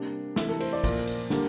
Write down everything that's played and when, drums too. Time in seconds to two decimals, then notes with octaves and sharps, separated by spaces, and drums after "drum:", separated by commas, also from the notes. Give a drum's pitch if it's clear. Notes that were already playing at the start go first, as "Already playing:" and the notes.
Already playing: C3 G3 A#3 D4
0.36 C3 E3 A3 E4, drum: snare
0.49 A4
0.60 C5, drum: cymbal
0.73 D5
0.84 A#2 F3 A#3, drum: kick, cymbal
1.07 drum: cymbal
1.30 D3 G3 A#3, drum: snare